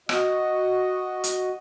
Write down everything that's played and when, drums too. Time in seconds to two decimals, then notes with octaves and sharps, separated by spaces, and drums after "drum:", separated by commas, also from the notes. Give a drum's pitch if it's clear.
0.09 F#4 D#5, drum: rim click
1.24 drum: hi-hat